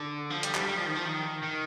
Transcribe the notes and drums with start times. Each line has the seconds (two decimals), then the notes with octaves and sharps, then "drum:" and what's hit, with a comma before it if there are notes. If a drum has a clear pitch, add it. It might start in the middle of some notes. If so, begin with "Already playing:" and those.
Already playing: D3
0.30 F3
0.43 G3, drum: hi-hat
0.55 G3, drum: clap
0.67 G3
0.77 F3
0.86 D#3
0.95 F3
1.06 D#3
1.43 D#3